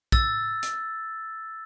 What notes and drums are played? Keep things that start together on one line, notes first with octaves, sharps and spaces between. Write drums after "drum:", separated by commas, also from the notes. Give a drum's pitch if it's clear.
E6 A6, drum: kick
drum: hi-hat